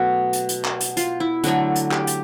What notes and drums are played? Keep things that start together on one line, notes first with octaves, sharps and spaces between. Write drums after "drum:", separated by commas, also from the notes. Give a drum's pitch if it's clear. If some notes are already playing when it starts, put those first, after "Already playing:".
Already playing: B2 F#3 A3 F#4
drum: hi-hat
drum: hi-hat
drum: clap
drum: hi-hat
F4, drum: hi-hat
E4
D3 F#3 A3 F#4, drum: hi-hat
drum: hi-hat
G4, drum: clap
drum: hi-hat